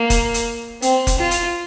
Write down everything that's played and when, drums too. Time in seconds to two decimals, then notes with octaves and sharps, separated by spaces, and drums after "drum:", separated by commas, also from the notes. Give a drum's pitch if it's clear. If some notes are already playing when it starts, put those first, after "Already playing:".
Already playing: A#3
0.10 drum: kick F1, hi-hat
0.34 drum: hi-hat
0.82 C4, drum: hi-hat
1.07 drum: kick F1, hi-hat
1.18 F4
1.31 drum: hi-hat